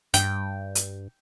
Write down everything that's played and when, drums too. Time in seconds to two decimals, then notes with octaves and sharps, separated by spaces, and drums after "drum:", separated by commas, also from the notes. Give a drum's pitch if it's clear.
0.14 G2 G5, drum: hi-hat
0.75 drum: hi-hat